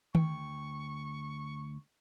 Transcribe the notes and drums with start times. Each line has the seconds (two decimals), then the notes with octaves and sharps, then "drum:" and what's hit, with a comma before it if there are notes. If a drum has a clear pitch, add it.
0.15 D2 G5 C#6, drum: tom D#3